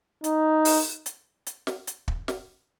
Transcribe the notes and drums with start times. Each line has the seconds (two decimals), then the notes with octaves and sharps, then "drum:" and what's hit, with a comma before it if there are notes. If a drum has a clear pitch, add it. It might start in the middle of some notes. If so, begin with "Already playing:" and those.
0.24 D#4, drum: hi-hat
0.65 drum: open hi-hat
1.06 drum: hi-hat
1.46 drum: hi-hat
1.67 drum: snare
1.87 drum: hi-hat
2.08 drum: kick
2.28 drum: snare